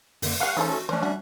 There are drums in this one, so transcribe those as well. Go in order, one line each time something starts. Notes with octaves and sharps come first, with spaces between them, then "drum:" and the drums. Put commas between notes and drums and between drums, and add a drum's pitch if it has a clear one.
F#2 D3 A#3, drum: open hi-hat
G3 A#3 F5 F#5 G#5 C#6
E3 A3 C#4 D#4 G#4 A4 C5
F#4
E3 F3 A3 C#4 D4 C5 C#5
G3 F#4 E5